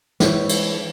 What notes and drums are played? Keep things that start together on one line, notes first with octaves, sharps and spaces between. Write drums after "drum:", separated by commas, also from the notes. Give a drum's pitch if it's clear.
E3 E4 C5 C#5, drum: snare
drum: cymbal